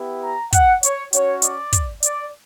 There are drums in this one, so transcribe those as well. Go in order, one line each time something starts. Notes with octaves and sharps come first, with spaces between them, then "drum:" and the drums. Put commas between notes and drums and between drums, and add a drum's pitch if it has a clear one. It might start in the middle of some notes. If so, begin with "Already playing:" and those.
Already playing: B3 E4 G4
A#5
F#5, drum: kick, hi-hat
C#5, drum: hi-hat
C#4 F#4 C#5, drum: hi-hat
D5, drum: hi-hat
drum: kick, hi-hat
D5, drum: hi-hat